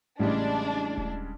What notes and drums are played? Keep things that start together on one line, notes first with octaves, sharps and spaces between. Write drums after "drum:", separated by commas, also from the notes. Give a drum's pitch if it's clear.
A1 C#3 G3 G#3 D4
drum: kick D#1